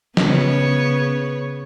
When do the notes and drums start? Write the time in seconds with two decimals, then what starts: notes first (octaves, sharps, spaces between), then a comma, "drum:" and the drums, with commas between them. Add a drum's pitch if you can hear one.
0.17 C#3 B3 C#5, drum: snare